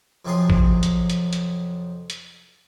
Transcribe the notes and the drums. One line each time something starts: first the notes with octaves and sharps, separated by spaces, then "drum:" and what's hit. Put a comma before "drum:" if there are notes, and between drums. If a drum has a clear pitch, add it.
F2 C3 F3 F#3 G#4 C6
drum: kick A1
drum: hi-hat
drum: hi-hat
drum: hi-hat
drum: hi-hat